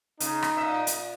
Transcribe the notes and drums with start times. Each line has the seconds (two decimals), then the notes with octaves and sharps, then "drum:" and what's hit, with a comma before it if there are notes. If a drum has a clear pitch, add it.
0.20 C#3 D#4, drum: hi-hat
0.43 drum: rim click
0.57 A#2 E5
0.87 drum: hi-hat